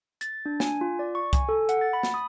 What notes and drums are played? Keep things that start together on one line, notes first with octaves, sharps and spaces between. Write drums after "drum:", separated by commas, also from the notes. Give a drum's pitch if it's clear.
A6, drum: hi-hat
D4
G#5, drum: snare
F4
D5
C#6
G#5, drum: kick C2, hi-hat
A4
F#5, drum: hi-hat
A6
B5
drum: snare
D#6